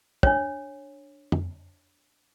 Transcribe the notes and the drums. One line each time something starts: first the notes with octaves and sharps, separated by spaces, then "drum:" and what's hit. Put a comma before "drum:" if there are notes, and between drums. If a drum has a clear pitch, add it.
D4 C#5, drum: kick
drum: tom